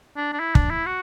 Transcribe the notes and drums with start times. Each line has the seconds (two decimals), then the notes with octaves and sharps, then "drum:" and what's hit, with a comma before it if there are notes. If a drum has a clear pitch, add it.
0.16 D4
0.33 D4
0.40 E4
0.55 D4, drum: kick
0.70 E4
0.86 F#4